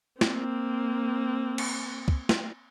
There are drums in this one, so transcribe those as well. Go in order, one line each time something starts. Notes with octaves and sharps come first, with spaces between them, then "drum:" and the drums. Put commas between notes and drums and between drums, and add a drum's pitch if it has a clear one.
A#3 C4, drum: snare
drum: cymbal
drum: kick
drum: snare